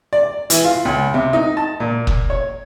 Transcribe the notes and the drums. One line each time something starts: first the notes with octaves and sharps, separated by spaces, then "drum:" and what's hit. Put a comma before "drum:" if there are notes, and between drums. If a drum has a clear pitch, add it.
D5
E3, drum: hi-hat
F4
C#2
C3
D#4
A5
A#2
drum: kick
C#5